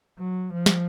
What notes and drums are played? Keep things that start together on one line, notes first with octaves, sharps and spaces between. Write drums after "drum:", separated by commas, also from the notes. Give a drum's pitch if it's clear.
F#3
F3
drum: snare